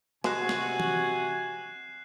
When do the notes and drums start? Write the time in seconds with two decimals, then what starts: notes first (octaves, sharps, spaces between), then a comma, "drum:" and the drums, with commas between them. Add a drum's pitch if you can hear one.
0.24 C3 F#3 G#3 F#4 G#5 F#6 C7 E7, drum: snare
0.49 drum: snare
0.80 drum: tom E3